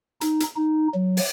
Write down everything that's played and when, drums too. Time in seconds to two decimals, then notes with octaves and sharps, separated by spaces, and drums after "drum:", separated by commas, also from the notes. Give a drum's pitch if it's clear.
0.21 D#4, drum: hi-hat
0.40 drum: hi-hat
0.56 D#4
0.94 F#3
1.17 drum: open hi-hat